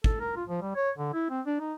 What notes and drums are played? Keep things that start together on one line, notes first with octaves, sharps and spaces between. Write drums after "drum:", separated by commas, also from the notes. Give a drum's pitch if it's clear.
A4, drum: kick
A#4
F4
F3
G3
C#5
D3
E4
C4
D4
D#4